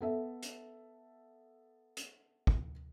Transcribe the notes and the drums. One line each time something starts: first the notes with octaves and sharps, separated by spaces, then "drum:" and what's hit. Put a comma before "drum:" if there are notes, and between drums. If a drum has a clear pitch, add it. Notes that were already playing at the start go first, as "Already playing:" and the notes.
B3 A4 E5
drum: hi-hat
drum: hi-hat
drum: kick